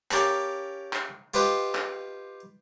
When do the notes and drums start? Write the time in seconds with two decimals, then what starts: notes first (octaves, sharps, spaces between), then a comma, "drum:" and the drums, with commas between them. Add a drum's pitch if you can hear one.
0.11 C#4 G4 A#4 F5 A5 B5, drum: clap
0.93 drum: clap
1.34 F4 G4 B4 C5 D#5 F5
1.75 drum: clap